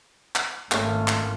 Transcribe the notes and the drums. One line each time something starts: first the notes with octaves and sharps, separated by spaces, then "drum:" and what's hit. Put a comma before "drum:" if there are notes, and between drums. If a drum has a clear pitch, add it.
drum: clap
G#1 D#3 A3 A#3 C#4 F4 A4 C#5, drum: clap
drum: clap